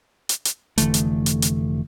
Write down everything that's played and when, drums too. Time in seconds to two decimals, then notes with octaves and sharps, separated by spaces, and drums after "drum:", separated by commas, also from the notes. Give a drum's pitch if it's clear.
0.29 drum: hi-hat
0.45 drum: hi-hat
0.78 F1 D3 E3 A3, drum: hi-hat
0.94 drum: hi-hat
1.26 drum: hi-hat
1.42 drum: hi-hat